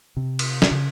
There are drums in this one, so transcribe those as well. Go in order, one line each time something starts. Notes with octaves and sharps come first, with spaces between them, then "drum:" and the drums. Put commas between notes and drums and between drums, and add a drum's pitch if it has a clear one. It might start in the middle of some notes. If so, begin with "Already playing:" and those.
C3
drum: cymbal
drum: snare
C#3